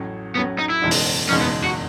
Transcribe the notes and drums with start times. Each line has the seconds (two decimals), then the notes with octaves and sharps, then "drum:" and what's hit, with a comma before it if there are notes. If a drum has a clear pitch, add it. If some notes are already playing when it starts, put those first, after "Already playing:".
Already playing: A1 A2 F#3 C#4
0.35 A1 A2 F#3 B3 C#4
0.59 D#4
0.70 E4
0.82 F#1 E2 B2 G#3 D#4
0.91 drum: open hi-hat
1.29 F#1 E2 B2 G#3 C#4 D#4
1.41 B3
1.64 F#4